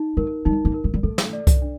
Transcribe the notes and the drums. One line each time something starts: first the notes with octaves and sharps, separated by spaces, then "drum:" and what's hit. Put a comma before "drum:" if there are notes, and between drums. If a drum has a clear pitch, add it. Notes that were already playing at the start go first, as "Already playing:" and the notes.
Already playing: D#4
A3 A#4
G3 D#4
A#3
A#4
A3
G3
A3 A4
drum: snare
D5
drum: kick C2, hi-hat
D4